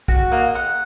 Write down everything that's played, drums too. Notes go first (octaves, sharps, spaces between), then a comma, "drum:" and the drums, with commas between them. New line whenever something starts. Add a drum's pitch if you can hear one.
F#4, drum: kick
A#3 D#5
F#5